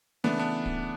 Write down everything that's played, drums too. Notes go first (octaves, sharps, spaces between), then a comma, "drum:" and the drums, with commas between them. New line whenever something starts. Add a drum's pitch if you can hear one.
C#3 E3 A3 B3 D4
B3 D4
drum: kick D1